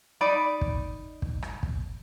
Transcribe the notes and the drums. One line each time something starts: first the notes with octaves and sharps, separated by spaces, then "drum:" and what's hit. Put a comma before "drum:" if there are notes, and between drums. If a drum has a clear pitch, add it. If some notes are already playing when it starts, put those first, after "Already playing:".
D#4 D5 B5
drum: kick
drum: kick
drum: rim click
drum: kick